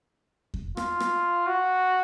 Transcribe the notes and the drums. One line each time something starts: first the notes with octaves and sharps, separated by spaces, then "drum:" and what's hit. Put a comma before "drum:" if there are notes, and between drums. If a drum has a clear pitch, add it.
drum: kick E2
F4, drum: rim click
drum: rim click
F#4